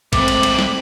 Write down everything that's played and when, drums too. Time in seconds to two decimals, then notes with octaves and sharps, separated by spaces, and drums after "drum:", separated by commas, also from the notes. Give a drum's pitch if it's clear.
0.13 G#3 A3 C4 B5 D6, drum: kick A1, cymbal
0.28 drum: cymbal
0.43 drum: cymbal
0.59 drum: snare